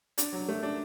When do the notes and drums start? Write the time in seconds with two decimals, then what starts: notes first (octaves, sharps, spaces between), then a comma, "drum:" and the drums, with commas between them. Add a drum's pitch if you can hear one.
0.18 D4, drum: hi-hat
0.32 F#3
0.48 A3
0.63 D4